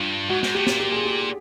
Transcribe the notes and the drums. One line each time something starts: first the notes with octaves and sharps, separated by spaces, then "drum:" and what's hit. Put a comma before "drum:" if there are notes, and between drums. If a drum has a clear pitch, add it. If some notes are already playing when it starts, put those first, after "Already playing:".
Already playing: G2 F4
G#2 F#4
G#2, drum: snare
A2 G4
A#2, drum: snare
G4
G#4
G4